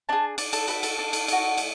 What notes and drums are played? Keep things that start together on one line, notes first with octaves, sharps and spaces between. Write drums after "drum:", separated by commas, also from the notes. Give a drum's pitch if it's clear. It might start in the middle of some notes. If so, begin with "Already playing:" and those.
D4 G#4 A5
D4 D5, drum: cymbal
A4, drum: cymbal
F#4 A4 B4, drum: cymbal
A4, drum: cymbal
D4
drum: cymbal
F#4 A4, drum: cymbal
A3, drum: cymbal